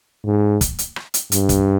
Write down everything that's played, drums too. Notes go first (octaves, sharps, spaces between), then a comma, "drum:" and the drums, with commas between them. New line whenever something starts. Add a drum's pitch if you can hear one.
G#2
drum: kick, hi-hat
drum: hi-hat
drum: rim click
drum: hi-hat
G2, drum: hi-hat
drum: kick, hi-hat